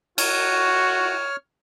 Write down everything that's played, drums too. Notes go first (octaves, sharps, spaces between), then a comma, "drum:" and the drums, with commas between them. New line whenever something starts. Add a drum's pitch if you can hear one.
F#4 C#5 F6, drum: cymbal